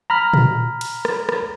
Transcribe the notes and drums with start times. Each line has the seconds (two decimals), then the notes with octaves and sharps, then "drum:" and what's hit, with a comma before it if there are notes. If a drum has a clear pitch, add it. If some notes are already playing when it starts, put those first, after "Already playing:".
0.10 A#5 B5 F6
0.34 drum: tom A#2
0.81 drum: cymbal
1.05 drum: rim click
1.29 drum: rim click